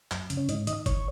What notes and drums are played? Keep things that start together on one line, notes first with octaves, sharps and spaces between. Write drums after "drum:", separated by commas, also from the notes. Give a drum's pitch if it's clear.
F#2, drum: clap
C#3, drum: hi-hat
C#4
G#2 D#4, drum: hi-hat
D#3 D#5, drum: hi-hat
C#5, drum: kick, hi-hat